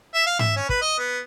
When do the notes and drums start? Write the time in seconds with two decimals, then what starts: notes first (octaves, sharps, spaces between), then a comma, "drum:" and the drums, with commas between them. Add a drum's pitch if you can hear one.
0.14 E5
0.26 F5
0.39 E5, drum: tom G#2
0.56 C#4
0.69 B4, drum: kick
0.81 D#5
0.98 B3